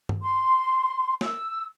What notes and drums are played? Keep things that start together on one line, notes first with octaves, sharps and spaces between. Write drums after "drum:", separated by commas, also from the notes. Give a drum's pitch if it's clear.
drum: tom G2
C6
E6, drum: snare